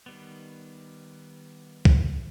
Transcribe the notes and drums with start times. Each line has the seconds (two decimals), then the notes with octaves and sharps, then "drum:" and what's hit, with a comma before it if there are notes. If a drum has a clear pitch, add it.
0.06 D#3 G3 B3
1.85 drum: kick